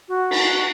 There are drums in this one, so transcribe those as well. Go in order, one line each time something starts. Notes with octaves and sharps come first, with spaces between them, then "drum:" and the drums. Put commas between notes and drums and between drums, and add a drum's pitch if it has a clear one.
F#4
drum: cymbal